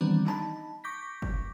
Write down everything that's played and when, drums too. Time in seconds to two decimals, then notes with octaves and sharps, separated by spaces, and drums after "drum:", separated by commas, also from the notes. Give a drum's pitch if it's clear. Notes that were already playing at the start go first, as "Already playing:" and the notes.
0.01 D#3 E3 G3 B3 C4 D4
0.27 D#4 A5 B5, drum: clap
0.84 C#6 D6 G6 A#6 B6
1.22 drum: kick